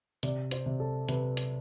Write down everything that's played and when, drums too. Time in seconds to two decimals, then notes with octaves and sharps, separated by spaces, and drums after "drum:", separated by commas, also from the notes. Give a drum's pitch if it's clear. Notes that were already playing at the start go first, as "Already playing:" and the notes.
0.23 C3 D5, drum: hi-hat
0.51 C5, drum: hi-hat
0.66 C3
0.80 A4
1.09 C3 B4, drum: hi-hat
1.37 drum: hi-hat